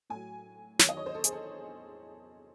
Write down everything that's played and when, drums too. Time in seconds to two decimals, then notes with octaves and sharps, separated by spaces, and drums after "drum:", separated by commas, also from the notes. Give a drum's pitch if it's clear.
0.10 A2 F#3 G#5
0.79 E2 D#3 F#3 C#5, drum: snare
0.89 D#5
0.97 C#5
1.06 C5
1.15 A4
1.24 G#4, drum: hi-hat
1.32 A4